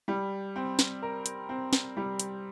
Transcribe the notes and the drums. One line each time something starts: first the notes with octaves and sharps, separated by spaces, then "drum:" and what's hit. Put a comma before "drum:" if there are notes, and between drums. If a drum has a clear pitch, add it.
G3
C4
drum: snare
A#4
drum: hi-hat
C4
drum: snare
G3
drum: hi-hat